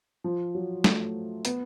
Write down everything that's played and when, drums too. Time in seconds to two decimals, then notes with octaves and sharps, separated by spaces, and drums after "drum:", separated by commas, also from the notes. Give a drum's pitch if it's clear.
0.24 F3
0.55 F#3
0.84 A3, drum: snare
1.45 B3, drum: hi-hat